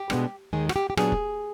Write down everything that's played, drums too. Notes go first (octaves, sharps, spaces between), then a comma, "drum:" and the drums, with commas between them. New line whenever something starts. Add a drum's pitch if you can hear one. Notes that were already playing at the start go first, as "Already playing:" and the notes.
Already playing: G4
B2 G#3 B3 D4, drum: rim click
D#2 D#3 G#3 G#4
F#4, drum: rim click
G4
G4
A#2 F#3 B3 D4 G#4, drum: rim click
drum: kick